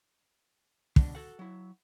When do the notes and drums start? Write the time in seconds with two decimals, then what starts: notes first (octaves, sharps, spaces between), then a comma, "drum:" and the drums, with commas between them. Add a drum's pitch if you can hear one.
0.96 B2 D3 D4, drum: kick
1.15 F#4 A4 F#5
1.39 F#3 E4